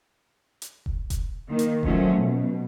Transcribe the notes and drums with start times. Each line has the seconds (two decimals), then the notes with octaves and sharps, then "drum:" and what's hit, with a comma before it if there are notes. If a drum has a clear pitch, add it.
0.62 drum: hi-hat
0.86 drum: kick E1
1.10 drum: kick E1, hi-hat
1.50 D#3 A#3
1.59 drum: hi-hat
1.83 D#3 F3 F#3 A3 C#4, drum: kick E1
2.14 B2